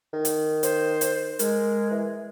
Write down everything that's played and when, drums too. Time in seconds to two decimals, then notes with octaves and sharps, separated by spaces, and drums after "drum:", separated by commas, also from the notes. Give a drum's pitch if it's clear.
0.13 D#3
0.25 drum: hi-hat
0.63 C5, drum: hi-hat
1.01 drum: hi-hat
1.39 G#3 A#4, drum: hi-hat
1.91 E3